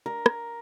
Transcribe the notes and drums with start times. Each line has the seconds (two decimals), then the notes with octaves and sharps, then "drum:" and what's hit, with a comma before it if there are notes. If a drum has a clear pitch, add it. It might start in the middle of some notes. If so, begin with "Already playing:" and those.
0.06 A#4
0.26 drum: rim click